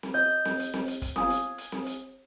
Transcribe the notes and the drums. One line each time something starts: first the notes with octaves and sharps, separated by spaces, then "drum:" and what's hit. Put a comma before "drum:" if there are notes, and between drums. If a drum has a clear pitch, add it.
drum: snare C4
D#5 G6
drum: snare C4
drum: hi-hat
drum: snare C4
drum: hi-hat
drum: kick, hi-hat
F5 G#5 D#6, drum: snare C4
drum: hi-hat
drum: hi-hat
drum: snare C4
drum: hi-hat